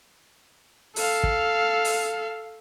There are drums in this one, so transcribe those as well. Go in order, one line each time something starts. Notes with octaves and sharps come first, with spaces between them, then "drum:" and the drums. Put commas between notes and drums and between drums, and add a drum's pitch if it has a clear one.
A4 F5, drum: open hi-hat
drum: kick
drum: open hi-hat